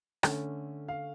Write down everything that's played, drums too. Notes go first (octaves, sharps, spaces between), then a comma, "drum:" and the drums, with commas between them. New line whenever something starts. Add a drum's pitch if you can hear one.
D3 A3 C#4, drum: rim click
F5